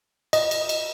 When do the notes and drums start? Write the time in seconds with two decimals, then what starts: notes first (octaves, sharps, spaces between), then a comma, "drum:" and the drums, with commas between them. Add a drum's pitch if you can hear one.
0.33 D#5, drum: cymbal
0.51 drum: cymbal
0.69 drum: cymbal